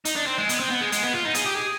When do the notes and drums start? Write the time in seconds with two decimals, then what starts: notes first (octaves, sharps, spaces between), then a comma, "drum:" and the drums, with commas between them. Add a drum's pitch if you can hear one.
0.05 D#4, drum: hi-hat
0.16 D4
0.27 C4
0.38 G#3
0.49 B3, drum: hi-hat
0.60 C4
0.71 B3
0.81 G#3
0.92 G#3, drum: hi-hat
1.03 B3
1.13 F4
1.25 D#4
1.35 G#4, drum: hi-hat
1.46 G4
1.56 G#4